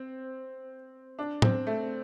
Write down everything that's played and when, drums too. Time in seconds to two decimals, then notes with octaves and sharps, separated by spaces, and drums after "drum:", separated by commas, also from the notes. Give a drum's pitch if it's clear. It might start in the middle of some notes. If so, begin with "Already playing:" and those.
Already playing: C4
1.19 D4
1.42 C4, drum: tom
1.67 A3